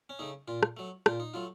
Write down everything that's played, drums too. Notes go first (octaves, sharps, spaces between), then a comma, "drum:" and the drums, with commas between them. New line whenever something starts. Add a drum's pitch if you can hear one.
C#4
C#3 A3 D#4
A#2 F4
drum: rim click
F#3 A3
A#2 F4, drum: rim click
D#4
F#3 A3 F4